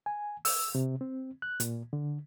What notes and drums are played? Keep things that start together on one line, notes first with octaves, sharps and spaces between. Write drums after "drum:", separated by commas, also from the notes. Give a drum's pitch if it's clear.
G#5
E6, drum: open hi-hat
C3
C4
F#6
A#2, drum: hi-hat
D3